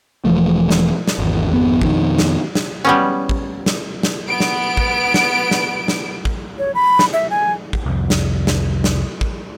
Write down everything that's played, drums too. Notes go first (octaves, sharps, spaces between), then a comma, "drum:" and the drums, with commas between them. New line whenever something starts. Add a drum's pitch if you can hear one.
E1 E3 F3 A3
drum: snare
drum: snare
G#1 E2
G#1 F2 B3
F2 B2 D3 D#3, drum: kick
drum: snare
drum: snare
G3 B3 C#4
drum: kick
drum: snare
drum: snare
B3 D7
drum: snare
drum: kick
drum: snare
drum: snare
drum: snare
drum: kick
C#5
B5
drum: snare
E5
G#5
drum: kick
C2 F2
drum: snare
drum: snare
drum: snare
drum: kick